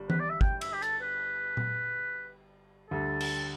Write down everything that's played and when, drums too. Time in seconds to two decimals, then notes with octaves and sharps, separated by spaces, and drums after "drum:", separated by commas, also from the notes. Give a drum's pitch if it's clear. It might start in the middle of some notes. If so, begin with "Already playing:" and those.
Already playing: G1 G2 G3 D4
0.10 B4, drum: tom E3
0.20 D5
0.30 E5
0.41 G5, drum: kick
0.61 E5, drum: cymbal
0.73 G4
0.82 A4, drum: hi-hat
1.02 B4
1.57 drum: tom A#2
2.91 D2 D3 G3 A4
3.21 drum: cymbal